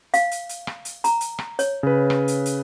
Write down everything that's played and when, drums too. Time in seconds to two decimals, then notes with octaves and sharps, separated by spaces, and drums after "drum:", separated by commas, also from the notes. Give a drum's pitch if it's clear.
0.14 F5, drum: hi-hat
0.31 drum: hi-hat
0.49 drum: hi-hat
0.67 drum: rim click
0.85 drum: hi-hat
1.04 A#5, drum: hi-hat
1.21 drum: hi-hat
1.39 drum: rim click
1.59 C#5, drum: hi-hat
1.83 C#3 B4
2.10 drum: rim click
2.28 drum: hi-hat
2.46 drum: hi-hat